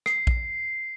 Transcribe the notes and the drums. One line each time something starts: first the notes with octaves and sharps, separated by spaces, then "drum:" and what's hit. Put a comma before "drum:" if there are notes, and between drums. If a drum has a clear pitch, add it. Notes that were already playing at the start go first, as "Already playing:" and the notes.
C7, drum: rim click
drum: kick A#1